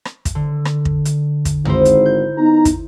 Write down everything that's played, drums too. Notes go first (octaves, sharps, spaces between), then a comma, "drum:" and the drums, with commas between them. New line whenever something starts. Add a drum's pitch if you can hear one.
drum: rim click
drum: kick, hi-hat
D3
drum: rim click
drum: kick
drum: hi-hat
drum: kick, hi-hat
G#1 D#4 E4 C5, drum: tom
drum: hi-hat
G6
B3 D#4 A#5
drum: kick, hi-hat